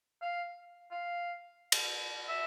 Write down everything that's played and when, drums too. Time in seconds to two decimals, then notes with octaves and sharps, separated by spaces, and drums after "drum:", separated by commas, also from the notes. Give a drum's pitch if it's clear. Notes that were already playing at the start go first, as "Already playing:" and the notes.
0.22 F5
0.91 F5
1.72 drum: cymbal
2.29 E5